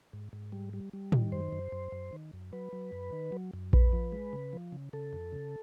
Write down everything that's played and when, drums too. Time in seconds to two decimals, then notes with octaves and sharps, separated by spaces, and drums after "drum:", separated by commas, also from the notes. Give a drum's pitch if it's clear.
0.13 G#2
0.33 G#2
0.52 G3
0.73 G3
0.93 G3
1.12 D#3, drum: tom
1.32 F#2 C5
1.52 F#2
1.72 F#2
1.92 F#2
2.13 D#3
2.33 F#2
2.53 F#3 B4
2.73 F#3
2.92 F#2
3.12 D#3
3.32 F#3
3.54 F#2
3.73 F2 B4, drum: kick A#1
3.93 F3
4.12 G#3
4.33 C#3
4.53 F3
4.72 C#3
4.93 C#3 A4
5.13 F2
5.32 C#3